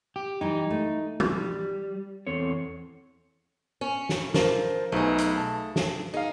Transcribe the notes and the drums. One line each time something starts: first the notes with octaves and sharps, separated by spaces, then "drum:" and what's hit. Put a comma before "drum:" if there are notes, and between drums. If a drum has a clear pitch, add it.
G4
E3 G3 D#4
A3
drum: tom
G3
E2 C4 A4 C#5
C#4
drum: snare
F3 A#4, drum: snare
B1 A3 D#4 G#4 B4
drum: hi-hat
A5
drum: snare
D#4 G#4 F5